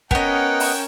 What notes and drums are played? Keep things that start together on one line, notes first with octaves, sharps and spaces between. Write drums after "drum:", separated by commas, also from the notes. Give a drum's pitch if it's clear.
B3 C#4 A#4 D#5 F#5 G5, drum: kick
drum: open hi-hat